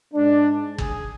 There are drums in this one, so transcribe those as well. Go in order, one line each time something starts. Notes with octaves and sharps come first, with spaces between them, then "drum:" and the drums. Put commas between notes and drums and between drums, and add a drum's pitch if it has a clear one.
G#2 G#3 D4
G#4, drum: kick G1